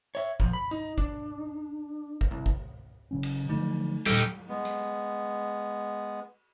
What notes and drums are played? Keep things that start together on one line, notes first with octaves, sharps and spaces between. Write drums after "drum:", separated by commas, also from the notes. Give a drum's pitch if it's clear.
C#5 E5
A#2 F3, drum: kick
B5
D#4
D4, drum: kick
drum: kick
C2
drum: kick
C#3 F#3 C#4
drum: cymbal
D3 F3 F#3 A3 D#4
A#2 G3 D#4 G4 A4 E6 F6, drum: tom F#3
G#3 B3
drum: hi-hat